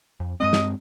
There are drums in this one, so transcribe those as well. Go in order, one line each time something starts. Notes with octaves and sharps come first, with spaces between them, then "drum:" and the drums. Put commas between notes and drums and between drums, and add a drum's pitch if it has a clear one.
F2
G2 G#3 C4 D#5
drum: snare